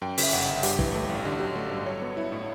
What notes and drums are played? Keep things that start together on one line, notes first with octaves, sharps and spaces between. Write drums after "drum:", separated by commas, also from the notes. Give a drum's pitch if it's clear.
F#2 G5
C#3, drum: open hi-hat
E5
G1 F#5
G1
G2 G4, drum: hi-hat
E3, drum: kick
A3
A1
D3 G4
F#3 G4
A3 A4
G2
F#3 C#5
B3
E4
A2